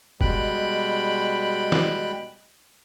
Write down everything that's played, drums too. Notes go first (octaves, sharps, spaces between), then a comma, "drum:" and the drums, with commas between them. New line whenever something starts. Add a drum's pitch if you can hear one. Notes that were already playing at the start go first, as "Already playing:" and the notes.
B2 G3 G#3 G5 B5 F#6, drum: kick
drum: snare